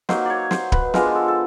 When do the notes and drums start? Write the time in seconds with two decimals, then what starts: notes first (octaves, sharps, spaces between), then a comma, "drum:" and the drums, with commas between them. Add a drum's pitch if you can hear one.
0.09 F#3 A#3 D#4 C5, drum: snare
0.25 C#5 D5
0.51 C5, drum: snare
0.72 B4, drum: kick D1
0.94 F3 G#3 B3 D4 A#4, drum: snare
1.15 A4
1.28 A4